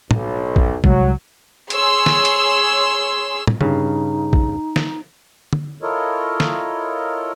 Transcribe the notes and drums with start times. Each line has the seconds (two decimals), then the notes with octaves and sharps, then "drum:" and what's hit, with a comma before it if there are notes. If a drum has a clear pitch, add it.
0.11 B1, drum: tom
0.56 drum: kick
0.84 C2 F#3 G#3, drum: kick
1.70 G#4 C#5 C6 E6, drum: hi-hat
2.06 drum: snare
2.25 drum: hi-hat
3.47 drum: tom
3.61 G2 C#3 D#4, drum: tom
4.33 drum: kick
4.76 drum: snare
5.53 drum: tom
5.82 E4 F4 A4 A#4 C#5 D#5
6.40 drum: snare